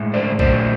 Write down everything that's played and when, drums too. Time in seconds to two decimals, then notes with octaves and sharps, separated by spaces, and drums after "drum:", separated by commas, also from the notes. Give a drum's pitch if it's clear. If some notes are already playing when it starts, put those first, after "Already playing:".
Already playing: A2 G#3
0.14 C5 D5
0.39 A#2 F#3 A3 C5 D5, drum: kick A1